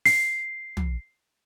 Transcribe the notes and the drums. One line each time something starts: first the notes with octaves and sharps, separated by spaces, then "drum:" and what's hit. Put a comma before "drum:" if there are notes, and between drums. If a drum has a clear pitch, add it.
C7, drum: open hi-hat
drum: tom